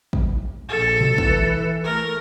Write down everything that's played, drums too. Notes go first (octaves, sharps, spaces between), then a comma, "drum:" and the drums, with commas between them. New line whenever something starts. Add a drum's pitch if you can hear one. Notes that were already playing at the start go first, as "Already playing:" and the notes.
drum: kick
A#1 A4
drum: tom A#2
E3, drum: kick
A3 A#4